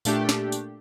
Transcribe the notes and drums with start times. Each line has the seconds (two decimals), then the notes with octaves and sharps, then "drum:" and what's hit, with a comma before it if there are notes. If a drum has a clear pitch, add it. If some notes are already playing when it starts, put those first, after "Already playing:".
0.05 A#2 A3 D4 G4, drum: tambourine
0.29 drum: snare
0.52 drum: tambourine